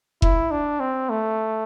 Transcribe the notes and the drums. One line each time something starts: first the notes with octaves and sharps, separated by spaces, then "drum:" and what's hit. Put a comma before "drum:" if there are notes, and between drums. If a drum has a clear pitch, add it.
E4, drum: kick F1
D4
C4
A3